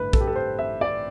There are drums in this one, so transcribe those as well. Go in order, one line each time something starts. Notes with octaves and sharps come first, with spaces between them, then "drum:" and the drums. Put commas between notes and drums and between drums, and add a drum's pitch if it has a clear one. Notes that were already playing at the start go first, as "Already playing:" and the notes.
Already playing: A1 G2 D3 A3 B4
A4, drum: kick A#1
G4
A4
C5
E5
D5